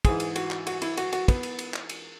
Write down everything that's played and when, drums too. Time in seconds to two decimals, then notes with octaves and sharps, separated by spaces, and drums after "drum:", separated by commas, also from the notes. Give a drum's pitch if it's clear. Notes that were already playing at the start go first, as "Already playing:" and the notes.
0.05 G#2 E3 G#4, drum: kick, cymbal
0.20 drum: cymbal
0.36 F#4, drum: cymbal
0.51 drum: clap
0.67 F#4, drum: cymbal
0.82 E4, drum: cymbal
0.97 F#4, drum: cymbal
1.13 F#4, drum: cymbal
1.28 B3, drum: kick, cymbal
1.43 drum: cymbal
1.59 drum: cymbal
1.74 drum: clap
1.89 drum: cymbal